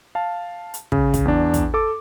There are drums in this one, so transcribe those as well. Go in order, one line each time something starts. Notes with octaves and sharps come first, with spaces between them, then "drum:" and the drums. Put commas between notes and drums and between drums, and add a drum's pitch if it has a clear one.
F5 A5
drum: hi-hat
C#3, drum: kick
drum: kick, hi-hat
E2 D4
drum: kick, hi-hat
A4 D6